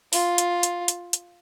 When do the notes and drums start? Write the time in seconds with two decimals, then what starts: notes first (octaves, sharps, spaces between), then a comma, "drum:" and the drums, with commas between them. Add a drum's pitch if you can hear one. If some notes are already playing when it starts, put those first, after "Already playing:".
0.13 F4, drum: open hi-hat
0.38 drum: hi-hat
0.63 drum: hi-hat
0.88 drum: hi-hat
1.13 drum: hi-hat